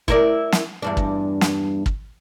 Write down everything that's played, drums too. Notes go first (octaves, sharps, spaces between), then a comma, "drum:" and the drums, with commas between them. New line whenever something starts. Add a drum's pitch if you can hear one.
E4 A#4 D5, drum: kick
drum: snare
E2 G2 D4
drum: kick
drum: snare
drum: kick